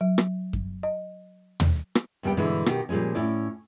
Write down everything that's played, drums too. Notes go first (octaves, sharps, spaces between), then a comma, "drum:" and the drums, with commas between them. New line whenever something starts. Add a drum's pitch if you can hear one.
F#3
drum: rim click
drum: kick F#2
D#5
drum: tom
drum: rim click
D#2 C3 G3 B3 G5
G2 B2 D3 E3 G#3
B2 D#3 G4, drum: rim click
A#2 F3 G3 G#3 C#4
A2 C#4 E4 D5